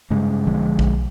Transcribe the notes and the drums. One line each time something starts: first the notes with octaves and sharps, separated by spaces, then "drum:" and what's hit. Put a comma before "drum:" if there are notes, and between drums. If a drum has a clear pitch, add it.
G2 C#3 G#3
B1 D3 F3 G#3
drum: kick A#1